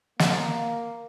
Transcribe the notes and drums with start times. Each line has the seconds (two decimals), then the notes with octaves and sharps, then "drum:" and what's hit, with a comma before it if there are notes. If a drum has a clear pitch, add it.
0.19 A#3, drum: snare